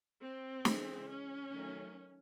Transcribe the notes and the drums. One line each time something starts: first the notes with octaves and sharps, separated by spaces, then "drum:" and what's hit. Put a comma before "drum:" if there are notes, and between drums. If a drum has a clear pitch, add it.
C4
C#3 E3 G#3, drum: snare
C#4
D#3 F#3 A3